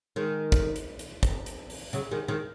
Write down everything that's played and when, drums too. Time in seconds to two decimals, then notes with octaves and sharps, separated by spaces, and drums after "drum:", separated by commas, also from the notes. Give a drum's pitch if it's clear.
0.16 D#3 G#3
0.52 drum: kick, hi-hat
0.76 drum: hi-hat
0.99 drum: hi-hat
1.23 drum: kick, hi-hat
1.46 drum: hi-hat
1.70 drum: open hi-hat
1.93 C#3 F#3, drum: hi-hat
2.11 D#3 G#3
2.28 D#3 G#3